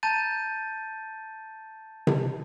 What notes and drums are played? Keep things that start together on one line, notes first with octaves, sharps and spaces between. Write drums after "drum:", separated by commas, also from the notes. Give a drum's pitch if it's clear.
A5 A#5 G6 A6 D#7
drum: tom C3